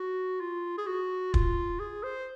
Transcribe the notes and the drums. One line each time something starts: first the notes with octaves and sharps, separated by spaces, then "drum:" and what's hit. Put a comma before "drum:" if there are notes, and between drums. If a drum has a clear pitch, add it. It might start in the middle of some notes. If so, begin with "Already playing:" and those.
Already playing: F#4
F4
G#4
F#4
F4, drum: kick
G#4
C5